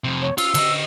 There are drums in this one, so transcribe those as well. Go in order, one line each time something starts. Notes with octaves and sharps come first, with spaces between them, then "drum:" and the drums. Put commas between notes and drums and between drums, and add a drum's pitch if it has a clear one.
F2 C3
C#5
F4 E6, drum: cymbal
D3 D#5, drum: cymbal